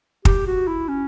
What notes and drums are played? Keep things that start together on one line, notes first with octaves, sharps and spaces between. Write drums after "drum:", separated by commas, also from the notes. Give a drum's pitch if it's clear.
G4, drum: kick
F#4
E4
C#4